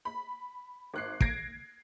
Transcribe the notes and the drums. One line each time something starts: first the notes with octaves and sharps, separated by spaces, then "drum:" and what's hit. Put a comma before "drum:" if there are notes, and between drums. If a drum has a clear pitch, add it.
B5
G#1 F#6 C7
G#6 A#6 C7 D7, drum: kick